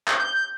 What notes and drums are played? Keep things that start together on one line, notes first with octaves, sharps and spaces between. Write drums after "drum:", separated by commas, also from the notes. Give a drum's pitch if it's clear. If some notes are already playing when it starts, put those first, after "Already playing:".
drum: clap
G6